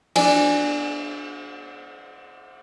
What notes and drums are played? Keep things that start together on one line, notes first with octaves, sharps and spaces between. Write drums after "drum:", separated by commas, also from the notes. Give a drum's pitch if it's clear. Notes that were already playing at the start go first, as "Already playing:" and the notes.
D4 D5 G#5, drum: cymbal